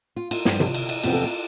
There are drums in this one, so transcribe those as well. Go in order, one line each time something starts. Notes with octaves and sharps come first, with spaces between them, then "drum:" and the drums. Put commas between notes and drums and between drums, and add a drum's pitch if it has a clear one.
F4
F4, drum: cymbal
G2 F3 B3 D4, drum: snare
drum: tom C3
drum: cymbal
drum: cymbal
E2 C3 F3 B3 F4, drum: cymbal
A4
F4